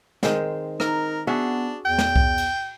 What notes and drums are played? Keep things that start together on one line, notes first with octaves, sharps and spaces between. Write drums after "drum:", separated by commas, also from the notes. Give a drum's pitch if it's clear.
D#3 G#3 C4, drum: snare
D#4 A#4, drum: rim click
B3 D4 F#4 G#4 E5
E2 G5
drum: snare
drum: kick C2
drum: cymbal